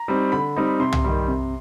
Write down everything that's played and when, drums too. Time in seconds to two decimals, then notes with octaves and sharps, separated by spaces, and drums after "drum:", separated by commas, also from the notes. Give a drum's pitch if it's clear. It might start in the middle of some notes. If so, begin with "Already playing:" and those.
Already playing: A#5
0.08 G3 C4 D#4
0.32 D3 B5
0.56 G3 C4 D#4
0.80 C3 C6
0.93 drum: tom C2
1.04 D#3 G3
1.28 C3